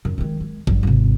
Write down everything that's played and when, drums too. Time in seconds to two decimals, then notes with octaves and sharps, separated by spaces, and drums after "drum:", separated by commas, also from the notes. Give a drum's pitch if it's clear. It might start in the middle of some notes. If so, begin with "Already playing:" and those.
0.05 F#2
0.18 D#3 G#3
0.40 G#3
0.67 G2 F3, drum: kick
0.83 G#1 C3